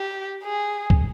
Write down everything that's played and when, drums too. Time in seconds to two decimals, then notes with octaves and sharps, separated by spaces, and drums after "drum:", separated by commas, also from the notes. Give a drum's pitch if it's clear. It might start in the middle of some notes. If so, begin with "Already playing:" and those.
Already playing: G4
0.43 G#4
0.90 drum: kick